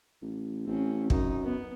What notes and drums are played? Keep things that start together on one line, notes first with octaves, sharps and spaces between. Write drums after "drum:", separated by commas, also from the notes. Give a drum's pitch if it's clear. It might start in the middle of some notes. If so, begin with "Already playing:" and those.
A1
A1 C4 C#4
F#2 D#4, drum: kick
B3